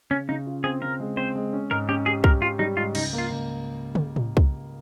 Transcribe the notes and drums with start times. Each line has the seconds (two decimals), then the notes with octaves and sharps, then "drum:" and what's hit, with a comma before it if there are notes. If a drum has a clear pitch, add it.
0.11 C#3 C#4
0.29 C#3 D#4
0.47 F4
0.64 C4 G#4
0.82 C#3 A#4
1.00 G#3
1.17 C4 C5
1.36 G#3
1.53 C#4
1.71 G#2 A#4
1.89 C#4 G4
2.06 G4 G#4
2.24 G4 A#4, drum: kick
2.42 F4 G4
2.59 G3 D#4
2.77 G#2 F4
2.95 C#2 D#4, drum: cymbal
3.13 A#3
3.18 F4
3.30 C#2
3.95 drum: tom
4.16 drum: tom A2
4.37 drum: kick